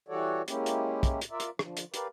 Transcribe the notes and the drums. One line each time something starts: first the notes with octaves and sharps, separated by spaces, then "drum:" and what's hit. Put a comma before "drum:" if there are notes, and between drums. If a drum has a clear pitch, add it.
E3 G3 F#4 A4 C#5 D5
G#3 A#3 C#4 E4 G4, drum: hi-hat
drum: hi-hat
drum: kick, hi-hat
drum: hi-hat
F4 A#4 D5 E5
drum: hi-hat
D3 F3, drum: rim click
drum: hi-hat
G4 A#4 B4 D5 F5, drum: hi-hat